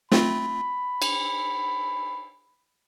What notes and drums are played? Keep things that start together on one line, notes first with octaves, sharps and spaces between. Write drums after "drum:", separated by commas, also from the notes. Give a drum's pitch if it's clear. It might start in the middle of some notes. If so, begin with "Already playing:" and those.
A3 C4 F4 B5, drum: snare
drum: cymbal